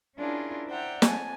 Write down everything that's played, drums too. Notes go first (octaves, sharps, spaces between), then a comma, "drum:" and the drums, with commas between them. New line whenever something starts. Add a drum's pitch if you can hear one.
C#4 D4 E4 F4 G#4 A#4
C5 D5 E5 F#5 G5 A#5
F2 G#5 A5, drum: snare